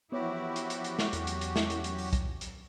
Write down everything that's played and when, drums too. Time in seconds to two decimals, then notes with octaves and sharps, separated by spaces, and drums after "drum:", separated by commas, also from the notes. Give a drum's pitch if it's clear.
0.12 E3 F3 B3 E4 F#4 G4 C#5
0.56 drum: hi-hat
0.70 drum: hi-hat
0.84 drum: hi-hat
0.99 drum: snare
1.13 E2 F#3 C#4, drum: hi-hat
1.27 drum: hi-hat
1.41 drum: hi-hat
1.56 drum: snare
1.70 drum: hi-hat
1.84 drum: hi-hat
1.98 drum: open hi-hat
2.13 drum: kick, hi-hat
2.41 drum: hi-hat